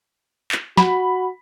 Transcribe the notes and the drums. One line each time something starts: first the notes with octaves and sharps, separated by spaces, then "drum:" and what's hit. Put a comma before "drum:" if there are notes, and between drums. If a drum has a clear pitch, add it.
drum: clap
F#4 B5, drum: snare